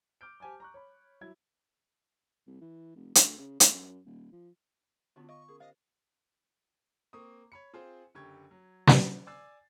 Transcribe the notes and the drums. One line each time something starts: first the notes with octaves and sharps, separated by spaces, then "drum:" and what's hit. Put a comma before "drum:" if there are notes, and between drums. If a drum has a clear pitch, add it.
D6 F6 G6 D7
G4 C5 G#5 A5 D6
A#5 C#6 F#6
C#5 B5
F#3 E4 E5 G#6
C2
E3
F1
D2, drum: hi-hat
C#3
A2, drum: hi-hat
F#2
D#1
F3
D3 B3 C#4 D4 F4 F#4
D#5 F5 C#6
C#4 G#4 A#4
G4 C5 D#5 F5
A#3 C4 C#6 D#6
C#5 B5 C#7
C4 F4 G#4 C5
F#1 D3 G4 C#6 G#6
F#3
drum: snare
D5 G#5 D6 E6 A6 C7